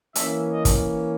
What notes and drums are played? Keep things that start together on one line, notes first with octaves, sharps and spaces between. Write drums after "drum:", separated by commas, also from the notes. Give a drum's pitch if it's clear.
E3 A#3 C#4 E5, drum: hi-hat
D#5
drum: kick, hi-hat